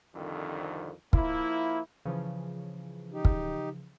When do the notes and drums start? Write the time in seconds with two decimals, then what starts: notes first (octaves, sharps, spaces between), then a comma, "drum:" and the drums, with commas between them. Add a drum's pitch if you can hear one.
0.15 C2 F2 D3 D#3
1.13 F3 A#3 E4, drum: kick
2.05 C#3 E3 F3
3.13 D#4 G4
3.25 drum: kick